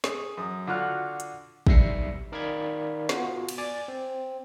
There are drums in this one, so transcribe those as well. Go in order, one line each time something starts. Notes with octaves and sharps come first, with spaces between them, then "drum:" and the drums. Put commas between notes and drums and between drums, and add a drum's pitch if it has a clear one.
G#4, drum: snare
F#2 D#6
D3 F4 F#4 F6 F#6
drum: hi-hat
B1 G3 E5 A#6 C7 C#7, drum: kick
D#3 A#4 D5 F5 B5 G#6
B3 F4 F#4, drum: snare
drum: cymbal
D5 G#5 D6 A6
C4